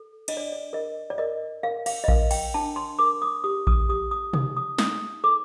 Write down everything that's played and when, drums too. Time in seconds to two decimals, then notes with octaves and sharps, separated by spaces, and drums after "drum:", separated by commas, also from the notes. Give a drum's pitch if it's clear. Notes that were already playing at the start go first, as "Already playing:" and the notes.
Already playing: A4
0.28 D4 D#5, drum: cymbal
0.37 D5
0.52 D5
0.73 A#4 D#5
1.10 D5
1.18 A#4 D#5
1.63 A#4 F5
1.86 F5, drum: cymbal
2.04 D#5
2.08 A#4 F5, drum: kick A#1
2.31 G5, drum: cymbal
2.54 D4 A5
2.76 C6
2.99 A#4 D6
3.22 D#6
3.44 G4 D#6
3.67 D#6, drum: kick A#1
3.89 G4 D#6
4.11 D#6
4.33 D#4 D#6, drum: tom B2
4.57 D#6
4.78 D#4 D#6, drum: snare
5.24 A4 D6